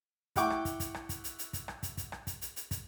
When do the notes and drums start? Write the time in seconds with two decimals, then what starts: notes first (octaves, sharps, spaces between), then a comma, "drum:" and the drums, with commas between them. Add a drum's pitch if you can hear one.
0.36 E4 F#5 G5 C#6 D6, drum: kick, hi-hat
0.50 drum: rim click
0.65 drum: kick, hi-hat
0.80 drum: kick, hi-hat
0.94 drum: rim click
1.09 drum: kick, hi-hat
1.24 drum: hi-hat
1.39 drum: hi-hat
1.53 drum: kick, hi-hat
1.68 drum: rim click
1.83 drum: kick, hi-hat
1.97 drum: kick, hi-hat
2.12 drum: rim click
2.27 drum: kick, hi-hat
2.41 drum: hi-hat
2.56 drum: hi-hat
2.71 drum: kick, hi-hat